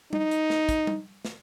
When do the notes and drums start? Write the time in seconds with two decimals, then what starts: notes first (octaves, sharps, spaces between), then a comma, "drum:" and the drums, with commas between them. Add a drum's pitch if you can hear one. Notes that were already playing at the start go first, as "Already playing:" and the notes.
0.13 D#4, drum: tom G3
0.31 drum: hi-hat
0.50 drum: snare
0.69 drum: kick, hi-hat
0.87 drum: tom G3
1.25 drum: snare